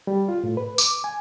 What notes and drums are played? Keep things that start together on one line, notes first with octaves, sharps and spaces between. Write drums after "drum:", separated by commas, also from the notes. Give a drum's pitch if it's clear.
G3
F4
A2
B4
D6, drum: tambourine
G#5